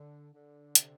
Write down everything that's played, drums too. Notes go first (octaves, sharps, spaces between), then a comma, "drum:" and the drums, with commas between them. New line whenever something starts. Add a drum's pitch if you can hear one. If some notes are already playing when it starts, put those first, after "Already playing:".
Already playing: D3
D3
C3, drum: hi-hat